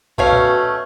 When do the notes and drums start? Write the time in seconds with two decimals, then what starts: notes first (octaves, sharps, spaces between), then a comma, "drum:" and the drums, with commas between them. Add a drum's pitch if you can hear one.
0.18 B2 A3 C#4 F5, drum: kick A#1
0.33 drum: tom A#2